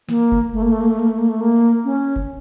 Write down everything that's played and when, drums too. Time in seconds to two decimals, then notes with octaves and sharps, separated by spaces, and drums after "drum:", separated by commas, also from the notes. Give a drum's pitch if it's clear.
0.09 A#3, drum: snare
0.32 drum: kick F#1
0.53 A3
0.62 A#3
0.72 A3
0.81 A#3
0.91 A3
0.99 A#3
1.09 A3
1.18 A#3
1.29 A3
1.41 A#3
1.85 C#4
2.16 drum: kick F#1